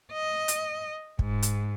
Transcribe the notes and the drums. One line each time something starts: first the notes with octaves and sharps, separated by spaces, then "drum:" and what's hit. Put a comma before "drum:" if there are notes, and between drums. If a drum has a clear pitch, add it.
D#5
drum: hi-hat
G#2, drum: kick
drum: hi-hat